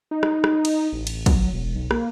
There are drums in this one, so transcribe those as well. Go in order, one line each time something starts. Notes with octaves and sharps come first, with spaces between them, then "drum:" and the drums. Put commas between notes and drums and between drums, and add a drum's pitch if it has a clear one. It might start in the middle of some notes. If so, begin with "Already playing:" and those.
D#4
drum: rim click
drum: rim click
drum: cymbal
A1
drum: cymbal
F#3, drum: kick, cymbal
E1
B1
A#3, drum: rim click